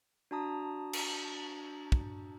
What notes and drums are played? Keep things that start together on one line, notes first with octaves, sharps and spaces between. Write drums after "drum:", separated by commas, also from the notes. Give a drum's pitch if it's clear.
D4 F#4 A5 A#5 D#6
drum: cymbal
drum: kick